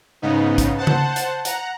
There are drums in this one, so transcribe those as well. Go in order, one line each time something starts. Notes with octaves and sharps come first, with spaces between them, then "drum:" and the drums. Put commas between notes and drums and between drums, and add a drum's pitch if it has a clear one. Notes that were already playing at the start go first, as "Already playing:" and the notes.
G#2 C#3 B3 D#4
drum: kick, hi-hat
C5 F#5 A5
drum: tom C#3
drum: hi-hat
F#5 A#5, drum: hi-hat